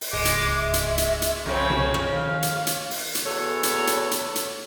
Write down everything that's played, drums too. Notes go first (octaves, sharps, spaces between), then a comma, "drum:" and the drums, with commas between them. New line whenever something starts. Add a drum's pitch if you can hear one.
drum: open hi-hat
D1 C#2 G#2 G#3 D6
drum: hi-hat
E5
drum: hi-hat
drum: hi-hat
drum: hi-hat
C2 F2 C#3 C4 C#5
drum: tom B2
drum: rim click
D#3 F5
drum: hi-hat
drum: hi-hat
drum: open hi-hat
drum: hi-hat
E2 F#4 A4 C#5
drum: hi-hat
drum: hi-hat
drum: hi-hat
drum: hi-hat